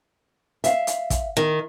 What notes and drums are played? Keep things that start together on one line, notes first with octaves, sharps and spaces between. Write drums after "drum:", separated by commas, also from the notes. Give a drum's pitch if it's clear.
E5 F5, drum: hi-hat
drum: hi-hat
drum: kick, hi-hat
D#3